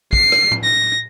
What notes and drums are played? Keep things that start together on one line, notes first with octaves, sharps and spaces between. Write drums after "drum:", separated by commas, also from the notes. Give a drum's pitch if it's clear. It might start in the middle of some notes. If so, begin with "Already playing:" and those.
C7, drum: kick
drum: rim click
drum: tom A2
A#6